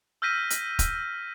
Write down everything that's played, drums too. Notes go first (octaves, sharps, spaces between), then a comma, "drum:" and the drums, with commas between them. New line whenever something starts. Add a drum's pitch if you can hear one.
E6 F6 G6 A#6 B6 D#7
drum: hi-hat
drum: kick, hi-hat